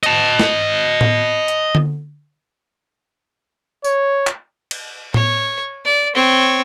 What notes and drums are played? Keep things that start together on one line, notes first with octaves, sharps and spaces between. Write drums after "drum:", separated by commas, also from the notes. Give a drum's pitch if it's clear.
D#5 A5, drum: hi-hat
drum: snare
drum: tom A2
drum: hi-hat
drum: tom D3
C#5, drum: tambourine
drum: clap
drum: cymbal
C#5, drum: tom A2
D5
C4 C#5